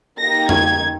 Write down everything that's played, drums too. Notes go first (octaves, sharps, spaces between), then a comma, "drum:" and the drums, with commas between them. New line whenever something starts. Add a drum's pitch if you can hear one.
A#3 D#4 G4 A#6
G#6, drum: tom F2